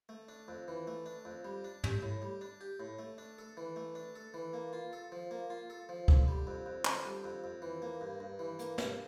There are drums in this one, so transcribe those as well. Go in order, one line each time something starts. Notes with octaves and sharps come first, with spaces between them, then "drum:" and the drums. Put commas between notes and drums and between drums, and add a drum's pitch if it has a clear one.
A3
D4
F2
E3
A3
D4
F2
G3
D4
G4, drum: tom
A2
G3
D4
G4
A2
A3
D4
A4
E3
A3
D4
A4
E3
A#3
F4
A4
F3
A#3
F4
A4
F3
D3, drum: kick C#2
G3
F2
F2
D3, drum: clap
G3
F2
F2
E3
A#3
G2
G2
E3
A#3, drum: hi-hat
G2, drum: snare